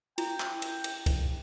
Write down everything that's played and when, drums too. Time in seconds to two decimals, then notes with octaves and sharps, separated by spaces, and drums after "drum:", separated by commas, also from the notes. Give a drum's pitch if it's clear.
0.18 E4 G5, drum: cymbal
0.40 drum: clap
0.62 drum: cymbal
0.84 drum: cymbal
1.06 drum: kick, cymbal